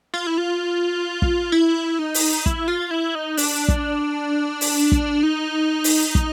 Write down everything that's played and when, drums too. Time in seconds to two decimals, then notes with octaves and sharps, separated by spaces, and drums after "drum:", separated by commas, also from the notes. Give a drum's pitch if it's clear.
0.14 F4
0.27 E4
0.38 F4
1.22 drum: kick
1.52 E4
1.99 D#4
2.14 drum: open hi-hat
2.46 E4, drum: kick
2.68 F4
2.91 E4
3.15 D#4
3.37 D4, drum: open hi-hat
3.68 drum: kick
4.61 drum: open hi-hat
4.92 drum: kick
5.23 D#4
5.84 drum: open hi-hat
6.15 drum: kick